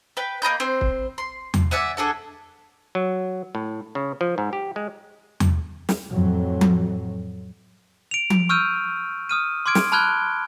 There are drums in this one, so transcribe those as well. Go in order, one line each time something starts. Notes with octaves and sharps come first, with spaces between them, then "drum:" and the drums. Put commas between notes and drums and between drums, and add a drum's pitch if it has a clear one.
B4 G5
A#3 D#5 B5 G6
C4 C5
drum: kick
C6
drum: tom E2
D5 E5 F#5 G#5
D4 G#4 A4 F#5
F#3
A2
C#3
F3
G#2
G4
G#3
drum: tom E2
drum: snare
F2 A2 F#3
drum: tom F3
D7 F7
drum: tom F3
C#6 E6 F6 G6 D#7
D#6 F6 D#7
C6 D6 F6 G#6 D7
drum: snare
A5 B5 F6 F#6 G#6 G7